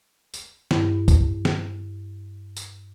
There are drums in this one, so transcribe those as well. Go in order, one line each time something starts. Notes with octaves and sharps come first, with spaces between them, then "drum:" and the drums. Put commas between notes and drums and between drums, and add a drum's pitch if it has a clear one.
drum: tambourine
G2 E4, drum: snare
drum: kick, tambourine
drum: snare
drum: tambourine